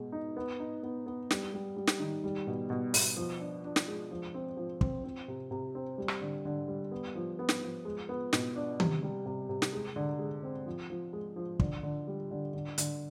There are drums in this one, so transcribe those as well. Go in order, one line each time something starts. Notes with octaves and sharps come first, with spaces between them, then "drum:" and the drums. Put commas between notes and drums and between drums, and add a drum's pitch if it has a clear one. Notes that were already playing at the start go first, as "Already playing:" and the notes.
Already playing: B2 G#3
D#4
B3
D#4
B3
B3
G3, drum: snare
G3
G3
drum: snare
D#3
G3
B2
B2
B2, drum: open hi-hat
F3
D4
D4
drum: snare
G#3
F3
C4
F3
C4, drum: kick
C4
C3
C3
C4
G3
drum: rim click
D3
D3
G3
B3
F3
B3
drum: snare
F3
G#3
B3
B2, drum: snare
D4
C3, drum: tom D#3
G3
C3
C3
drum: snare
G#3
D3
G#3
C4
F3
F3
G#3
F3
D3, drum: kick
D3
G3
D3
D3
D3, drum: hi-hat